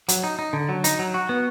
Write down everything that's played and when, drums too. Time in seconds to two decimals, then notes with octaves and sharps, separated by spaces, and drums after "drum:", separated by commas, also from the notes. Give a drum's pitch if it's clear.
0.09 F#3, drum: hi-hat
0.24 D#4
0.39 D#4
0.53 D3
0.69 F#3
0.84 D#4, drum: hi-hat
0.99 F#3
1.14 F#4
1.29 B3